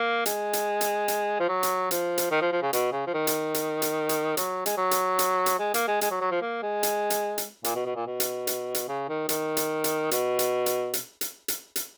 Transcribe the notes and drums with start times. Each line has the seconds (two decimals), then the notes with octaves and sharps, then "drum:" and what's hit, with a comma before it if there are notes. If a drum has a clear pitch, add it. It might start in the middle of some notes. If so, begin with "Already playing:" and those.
Already playing: A#3
0.26 G#3, drum: hi-hat
0.53 drum: hi-hat
0.81 drum: hi-hat
1.08 drum: hi-hat
1.40 F3
1.49 F#3
1.63 drum: hi-hat
1.91 F3, drum: hi-hat
2.18 drum: hi-hat
2.31 D#3
2.42 F3
2.52 F3
2.62 C#3
2.73 B2, drum: hi-hat
2.92 C#3
3.07 F3
3.14 D#3
3.27 drum: hi-hat
3.54 drum: hi-hat
3.82 drum: hi-hat
4.09 drum: hi-hat
4.37 F#3, drum: hi-hat
4.66 G#3, drum: hi-hat
4.77 F#3
4.91 drum: hi-hat
5.19 drum: hi-hat
5.46 drum: hi-hat
5.59 G#3
5.74 A#3, drum: hi-hat
5.88 G#3
6.01 G#3, drum: hi-hat
6.11 F#3
6.21 F#3
6.31 F3
6.42 A#3
6.62 G#3
6.83 drum: hi-hat
7.10 drum: hi-hat
7.38 drum: hi-hat
7.64 A#2, drum: hi-hat
7.75 B2
7.86 B2
7.96 A#2
8.07 B2
8.20 drum: hi-hat
8.47 drum: hi-hat
8.75 drum: hi-hat
8.88 C#3
9.09 D#3
9.29 D#3, drum: hi-hat
9.57 drum: hi-hat
9.84 drum: hi-hat
10.11 B2, drum: hi-hat
10.39 drum: hi-hat
10.66 drum: hi-hat
10.93 drum: hi-hat
11.21 drum: hi-hat
11.48 drum: hi-hat
11.76 drum: hi-hat